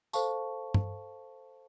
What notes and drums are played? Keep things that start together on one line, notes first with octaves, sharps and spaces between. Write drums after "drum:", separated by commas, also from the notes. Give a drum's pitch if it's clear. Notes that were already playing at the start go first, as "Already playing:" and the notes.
A4 C5 F5 A5 C#6, drum: tambourine
drum: tom G2